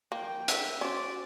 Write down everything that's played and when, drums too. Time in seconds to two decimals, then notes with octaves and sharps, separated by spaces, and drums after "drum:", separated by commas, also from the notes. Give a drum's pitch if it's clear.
0.12 A#3 G5
0.48 E5, drum: hi-hat
0.81 C#4 F#4 C5 D5